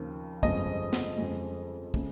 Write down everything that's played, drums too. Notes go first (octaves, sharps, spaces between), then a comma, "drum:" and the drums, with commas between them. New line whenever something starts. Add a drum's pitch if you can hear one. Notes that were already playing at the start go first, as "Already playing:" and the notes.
Already playing: D#2 C#3 F3 A#3
G1 F2 C#3 G#3 D#5, drum: kick
drum: snare
F2 C#3 G#3
C#3 G#3, drum: kick